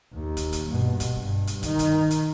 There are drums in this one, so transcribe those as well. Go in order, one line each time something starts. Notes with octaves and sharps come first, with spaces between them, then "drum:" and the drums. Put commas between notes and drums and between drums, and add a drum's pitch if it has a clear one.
D#2
drum: kick, hi-hat
drum: hi-hat
G2 B2
drum: kick, hi-hat
G2
drum: hi-hat
D#3, drum: kick, hi-hat
drum: hi-hat
drum: hi-hat